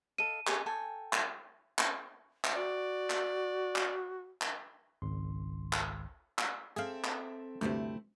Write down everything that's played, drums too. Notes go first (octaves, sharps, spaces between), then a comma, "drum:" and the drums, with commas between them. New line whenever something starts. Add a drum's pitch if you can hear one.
A4 D#5 F5 D#7
G4 G#4 C#5, drum: clap
A4 G5 G#5
drum: clap
drum: clap
drum: clap
F#4 D5
drum: clap
drum: clap
drum: clap
G#1 C#2 C6
drum: clap
drum: clap
C4 G#4 A4 E5 F5
drum: clap
D2 G2 C3 A3 C4 E4